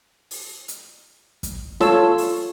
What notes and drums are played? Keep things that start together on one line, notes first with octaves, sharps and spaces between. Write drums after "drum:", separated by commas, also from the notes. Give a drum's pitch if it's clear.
drum: open hi-hat
drum: hi-hat
drum: kick, hi-hat
F4 A4 C#5 A5 C6 E6, drum: snare
drum: open hi-hat